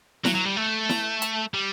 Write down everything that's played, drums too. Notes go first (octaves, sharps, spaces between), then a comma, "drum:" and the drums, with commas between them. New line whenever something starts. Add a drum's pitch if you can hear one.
F#3, drum: snare E4
F#3
G3
A3
drum: snare E4
drum: hi-hat
G3